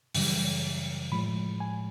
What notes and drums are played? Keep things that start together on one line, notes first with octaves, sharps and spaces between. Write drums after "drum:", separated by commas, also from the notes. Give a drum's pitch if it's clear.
F#2 C#3 E3 G3, drum: open hi-hat
A2 F3 G#3 B5
G#5